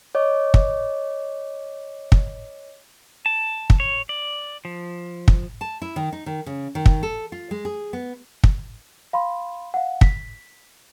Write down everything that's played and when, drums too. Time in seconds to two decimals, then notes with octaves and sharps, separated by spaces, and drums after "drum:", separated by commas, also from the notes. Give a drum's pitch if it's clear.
0.15 C#5 D#5 D6
0.54 drum: kick
2.12 drum: kick
3.26 A5
3.70 drum: kick
3.80 C#5
4.09 D5
4.65 F3
5.28 drum: kick
5.61 A5
5.82 E4
5.96 D#3
6.12 D#4
6.26 D#3
6.46 C#3
6.75 D#3
6.86 drum: kick
7.03 A4
7.32 F4
7.51 G#3
7.65 G#4
7.93 B3
8.44 drum: kick
9.13 F5 B5 C6
9.74 F5 F#5
10.01 B6, drum: kick